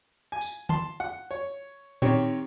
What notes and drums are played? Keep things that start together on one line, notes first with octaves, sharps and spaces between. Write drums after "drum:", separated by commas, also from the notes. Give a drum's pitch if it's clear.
G#5
drum: tambourine
A5 C6, drum: tom D3
F#5
C#5
D#3 C4 G4 C#5, drum: tom A2